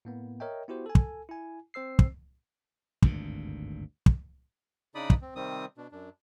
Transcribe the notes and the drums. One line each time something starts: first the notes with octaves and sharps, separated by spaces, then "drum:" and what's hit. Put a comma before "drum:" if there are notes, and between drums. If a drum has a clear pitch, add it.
A2 A#3 B3
A#4 C#5 D#5 E5 G5
B3 E4 F#4 G4 C5
A4 G#5
drum: kick
E4 G#5
C4 C5 E6 C7
drum: kick
G#1 D2 G2 A#2, drum: kick
drum: kick
C#3 D4 D#4 D5 B5 D#6
drum: kick
C4
C3 D#3 G3 C4 D#6
B2 D4
F#2 D4